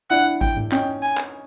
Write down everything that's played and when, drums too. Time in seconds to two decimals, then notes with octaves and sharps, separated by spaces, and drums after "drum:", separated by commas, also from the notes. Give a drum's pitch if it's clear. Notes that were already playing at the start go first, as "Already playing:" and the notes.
0.10 D4 E4 F#5
0.41 G5, drum: kick G#1
0.56 drum: tom G#2
0.72 C#4 D#4 G5, drum: clap
1.02 G#5
1.17 drum: clap